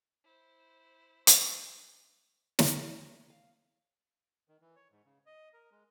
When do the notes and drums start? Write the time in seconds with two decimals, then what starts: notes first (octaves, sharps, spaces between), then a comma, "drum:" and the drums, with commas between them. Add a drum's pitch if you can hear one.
0.24 E4 C5
1.27 A3, drum: hi-hat
2.59 drum: snare
2.74 C#5
3.30 F5
4.48 D#3
4.61 E3
4.76 C#5
4.91 G#2
5.05 C#3
5.26 D#5
5.53 A#4
5.71 G#3